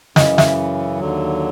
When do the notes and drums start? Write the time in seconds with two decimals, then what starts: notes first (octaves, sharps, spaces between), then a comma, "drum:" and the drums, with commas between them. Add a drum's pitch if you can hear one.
0.16 F#2 C#3 E3 D#5, drum: snare
0.38 E5, drum: snare
1.00 D#2 D3 F#3